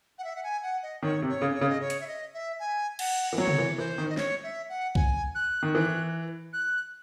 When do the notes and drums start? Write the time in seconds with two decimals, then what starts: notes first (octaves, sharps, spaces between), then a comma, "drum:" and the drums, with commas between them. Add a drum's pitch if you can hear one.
0.19 F#5
0.24 E5
0.36 F#5
0.44 G#5
0.63 F#5
0.83 D#5
1.02 D#3 C#5
1.22 C3
1.29 C#5
1.42 C#3
1.55 C#5
1.61 C#3
1.69 D#5
1.81 C#5
1.90 drum: hi-hat
2.01 E5
2.07 D#5
2.34 E5
2.60 G#5
2.99 F#5, drum: cymbal
3.33 E3
3.38 F#3 C#5
3.48 drum: tom C3
3.58 E3
3.78 E3 C5
3.98 D#3
4.10 D#5
4.17 C#5, drum: snare
4.44 E5
4.69 F#5
4.95 G#5, drum: kick
5.35 F#6
5.63 D#3
5.74 E3 F#6
6.53 F#6